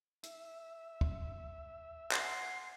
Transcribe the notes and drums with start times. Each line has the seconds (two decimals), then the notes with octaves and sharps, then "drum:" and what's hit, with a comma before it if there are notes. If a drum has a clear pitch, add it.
0.23 E5, drum: hi-hat
1.01 drum: kick
2.12 F#5 G#5 C6 C7, drum: clap